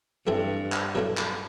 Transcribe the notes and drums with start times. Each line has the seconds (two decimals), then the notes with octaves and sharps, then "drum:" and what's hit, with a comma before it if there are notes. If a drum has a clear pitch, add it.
0.27 G2 E3 A3 C4 E4
0.72 drum: clap
0.95 B2 F#3 A3 E4
1.17 drum: clap